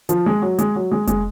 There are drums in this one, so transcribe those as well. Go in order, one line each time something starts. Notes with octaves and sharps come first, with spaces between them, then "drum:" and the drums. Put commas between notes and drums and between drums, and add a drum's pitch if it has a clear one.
F3, drum: hi-hat
G#3
F#3
G#3, drum: hi-hat
F#3
G#3
G#3, drum: kick F1, hi-hat